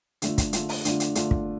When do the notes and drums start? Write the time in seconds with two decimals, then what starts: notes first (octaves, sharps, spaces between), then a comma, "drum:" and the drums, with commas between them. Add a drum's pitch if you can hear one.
0.22 D3 A3 D4 F4, drum: hi-hat
0.38 drum: kick, hi-hat
0.53 D3 A3 D4 F4, drum: hi-hat
0.69 drum: open hi-hat
0.85 D3 A3 D4 F4, drum: hi-hat
1.00 drum: hi-hat
1.15 D3 A3 D4 F4, drum: hi-hat
1.31 drum: kick